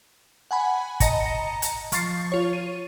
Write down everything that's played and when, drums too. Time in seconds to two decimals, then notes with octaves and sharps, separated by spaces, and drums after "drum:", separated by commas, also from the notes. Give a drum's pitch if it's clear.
0.51 F#5 G#5 B5
1.00 D#5 A5 A#5 A#6 C#7, drum: kick, hi-hat
1.62 drum: hi-hat
1.92 F3 C#6 A6 C7, drum: hi-hat
2.32 F4 C#5
2.53 D#7